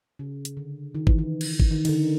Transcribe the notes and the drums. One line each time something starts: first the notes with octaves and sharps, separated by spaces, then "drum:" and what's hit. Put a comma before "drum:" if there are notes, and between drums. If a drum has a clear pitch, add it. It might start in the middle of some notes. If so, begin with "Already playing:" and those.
C#3
drum: hi-hat
D3
D#3
E3, drum: kick
D#3
drum: cymbal
drum: kick
D#3
D#3, drum: cymbal
D3